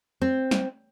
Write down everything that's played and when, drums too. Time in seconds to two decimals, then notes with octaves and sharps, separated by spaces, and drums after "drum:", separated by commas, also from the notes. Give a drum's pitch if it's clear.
0.22 C4
0.51 drum: snare